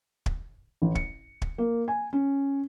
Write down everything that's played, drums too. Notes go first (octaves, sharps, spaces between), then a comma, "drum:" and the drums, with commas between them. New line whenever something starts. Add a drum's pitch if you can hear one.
drum: kick
A1
C#7, drum: kick
drum: kick
A#3
G#5
C#4